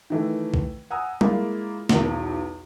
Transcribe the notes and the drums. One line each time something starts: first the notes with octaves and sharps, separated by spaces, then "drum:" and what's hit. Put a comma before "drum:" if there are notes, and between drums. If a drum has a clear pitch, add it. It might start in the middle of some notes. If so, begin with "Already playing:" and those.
D#3 E3 A3
drum: kick
F#5 G#5 A#5 D#6 E6
G#3 A#3 E4 F4, drum: tom G3
B1 E2, drum: snare